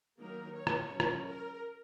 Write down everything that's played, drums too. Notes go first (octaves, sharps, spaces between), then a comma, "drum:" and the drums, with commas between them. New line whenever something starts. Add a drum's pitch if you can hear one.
D#3 F#3 A#3 A#4
C#5
drum: rim click
F#3 C#4
drum: rim click
A#4